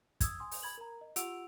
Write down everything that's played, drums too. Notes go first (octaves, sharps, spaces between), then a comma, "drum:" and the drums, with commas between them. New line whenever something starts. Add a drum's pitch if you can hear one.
D#6 E6 G#6, drum: kick, hi-hat
G#5 C6 D#6
drum: open hi-hat
B5 G#6 F#7
A#4 A#5
D#5
F4 G4 F#5 E6 D7 F7, drum: hi-hat